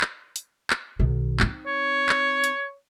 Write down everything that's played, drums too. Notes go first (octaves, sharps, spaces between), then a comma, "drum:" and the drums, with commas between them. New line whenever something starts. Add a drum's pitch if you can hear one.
drum: clap
drum: hi-hat
drum: clap
B1 D#3
C4 D#4, drum: clap
C#5
drum: clap
drum: hi-hat